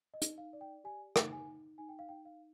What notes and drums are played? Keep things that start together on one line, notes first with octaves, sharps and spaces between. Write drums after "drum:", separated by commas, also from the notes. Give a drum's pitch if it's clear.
D#5
D#4, drum: hi-hat
F5
D5
G5
G4 G#5
D#4, drum: rim click
G#5
D#4
D#4 G#5
G5
F5
D#4 G5
F5